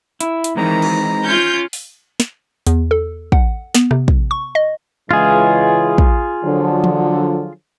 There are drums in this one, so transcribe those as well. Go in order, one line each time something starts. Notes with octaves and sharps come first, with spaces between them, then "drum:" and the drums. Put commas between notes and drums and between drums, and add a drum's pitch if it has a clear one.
E4, drum: hi-hat
drum: hi-hat
D#3 E3 G#3 C4 D#4 A#5
drum: cymbal
C#4 F4 G6
drum: open hi-hat
drum: snare
E2, drum: hi-hat
A4
F#5, drum: kick
B3, drum: snare
C3, drum: rim click
drum: kick
C#6
D#5
C#3 E3 G#3 F4 G#4
drum: kick
D3 F3 F#3
drum: tom E3